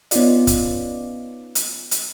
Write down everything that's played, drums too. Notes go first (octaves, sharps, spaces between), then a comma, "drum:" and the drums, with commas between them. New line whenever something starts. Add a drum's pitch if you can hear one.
B3 C#4 D#4 F4 D5, drum: hi-hat
drum: kick, hi-hat
drum: hi-hat
drum: hi-hat